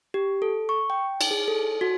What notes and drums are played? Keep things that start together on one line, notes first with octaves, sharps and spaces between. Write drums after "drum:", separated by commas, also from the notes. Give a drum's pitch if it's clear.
G4
A4
C#6
G5
drum: cymbal
G#4
A4
F#4